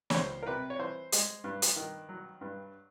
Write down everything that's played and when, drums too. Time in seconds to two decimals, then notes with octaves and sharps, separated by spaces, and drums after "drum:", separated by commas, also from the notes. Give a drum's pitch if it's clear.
0.10 C#5, drum: snare
0.15 C#2 C5
0.43 A#4
0.47 C3 B4
0.70 C#5
0.79 E3 C5
1.12 G#3, drum: hi-hat
1.44 G2
1.62 drum: hi-hat
1.76 D#3
2.09 F#3
2.41 G2